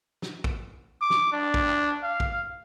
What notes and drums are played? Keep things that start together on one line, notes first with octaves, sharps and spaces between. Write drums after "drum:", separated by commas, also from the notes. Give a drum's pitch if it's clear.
drum: snare
drum: kick
D6
drum: snare
D4
drum: kick
F5
drum: kick